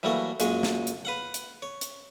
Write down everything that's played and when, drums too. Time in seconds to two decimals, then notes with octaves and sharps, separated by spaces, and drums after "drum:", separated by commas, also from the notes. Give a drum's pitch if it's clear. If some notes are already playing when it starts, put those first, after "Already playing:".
0.03 E3 F#3 G3 A3 A#3 C#5
0.40 F#2 A#2 G#3 G#4 C#5, drum: hi-hat
0.63 drum: snare
0.87 drum: hi-hat
1.05 B4 F5 F#5
1.34 drum: hi-hat
1.62 C#5
1.81 drum: hi-hat